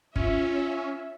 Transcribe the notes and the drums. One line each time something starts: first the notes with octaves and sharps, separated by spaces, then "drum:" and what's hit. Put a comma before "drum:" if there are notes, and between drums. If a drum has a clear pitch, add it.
C#4 F4 E5, drum: kick